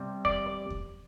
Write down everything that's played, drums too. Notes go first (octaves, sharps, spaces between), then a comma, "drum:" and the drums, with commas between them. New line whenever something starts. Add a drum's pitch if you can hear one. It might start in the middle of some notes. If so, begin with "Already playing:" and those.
Already playing: C3 G3
D5, drum: kick D#2
drum: kick D#2